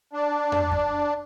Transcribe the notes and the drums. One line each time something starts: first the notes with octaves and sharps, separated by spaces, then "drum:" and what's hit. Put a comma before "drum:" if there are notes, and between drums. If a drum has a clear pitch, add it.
D4
drum: tom F2
drum: kick F#2